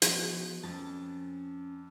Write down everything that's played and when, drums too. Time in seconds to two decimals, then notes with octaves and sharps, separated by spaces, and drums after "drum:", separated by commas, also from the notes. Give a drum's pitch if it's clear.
0.02 B2 F3, drum: hi-hat
0.63 F2 C#4 A5